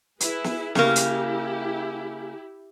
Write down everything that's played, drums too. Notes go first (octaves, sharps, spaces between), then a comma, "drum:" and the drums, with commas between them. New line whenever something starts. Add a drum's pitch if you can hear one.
E4 G#4 B4, drum: hi-hat
drum: snare
C#3 A#3 E4 G4, drum: snare
drum: hi-hat